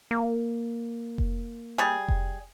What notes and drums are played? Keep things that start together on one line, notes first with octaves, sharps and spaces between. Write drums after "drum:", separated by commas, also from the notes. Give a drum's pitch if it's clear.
A#3
drum: kick F1
G3 G#4
drum: kick F1